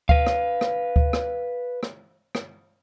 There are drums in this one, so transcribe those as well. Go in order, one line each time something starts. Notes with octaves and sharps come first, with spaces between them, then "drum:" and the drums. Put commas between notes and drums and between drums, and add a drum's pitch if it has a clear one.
B4 F5, drum: kick D2
drum: rim click
drum: rim click
drum: kick D2
drum: rim click
drum: rim click
drum: rim click